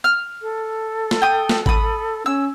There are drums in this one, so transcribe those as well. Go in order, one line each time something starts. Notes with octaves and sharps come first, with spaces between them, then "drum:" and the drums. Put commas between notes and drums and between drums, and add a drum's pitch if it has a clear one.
F6
A4
drum: snare
G5 D#6
drum: snare
B5 D#6, drum: kick G#1
C#4 E6